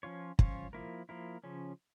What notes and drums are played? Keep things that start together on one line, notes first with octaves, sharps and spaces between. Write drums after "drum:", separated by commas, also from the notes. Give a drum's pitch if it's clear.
F3 C#4 F4 C#5
F3 C#4 F4 C#5, drum: kick
F3 A#3 E4 A#4
F3 A#3 E4 A#4
C#3 F3 C#4